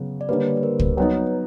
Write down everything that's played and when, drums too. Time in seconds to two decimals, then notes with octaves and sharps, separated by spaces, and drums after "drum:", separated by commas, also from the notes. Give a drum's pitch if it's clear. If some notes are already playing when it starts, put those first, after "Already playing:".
Already playing: C#3 F#3 B3 F#4
0.21 D5
0.29 D3 G3 A#3 B4 C#5
0.57 B4
0.63 A#4 C5
0.79 drum: kick
0.97 F#3 B3 D#4 B4 C#5